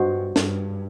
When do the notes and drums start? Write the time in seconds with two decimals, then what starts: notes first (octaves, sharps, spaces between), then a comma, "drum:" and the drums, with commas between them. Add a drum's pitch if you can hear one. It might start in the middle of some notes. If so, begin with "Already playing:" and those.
Already playing: G2 F#4 C5 D#5
0.36 G2, drum: snare